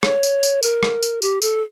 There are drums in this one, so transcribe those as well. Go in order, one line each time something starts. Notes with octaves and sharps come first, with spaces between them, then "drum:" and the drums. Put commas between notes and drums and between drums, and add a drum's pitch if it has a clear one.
C#5, drum: rim click
drum: tambourine
drum: tambourine
A#4, drum: tambourine
drum: rim click
drum: tambourine
G4, drum: tambourine
A4, drum: tambourine